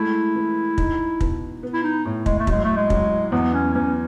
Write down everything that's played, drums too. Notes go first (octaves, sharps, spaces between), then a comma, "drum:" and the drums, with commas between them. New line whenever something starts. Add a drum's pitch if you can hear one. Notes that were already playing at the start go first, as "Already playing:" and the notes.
Already playing: G#3 A3 E4
E3
D#4, drum: kick
B2, drum: kick
B3
E4
D#4
A2
G#3, drum: kick
A3
F#3 G#3, drum: kick
A3
G#3
F#3, drum: kick
E2 B3
C#4
E2 C#4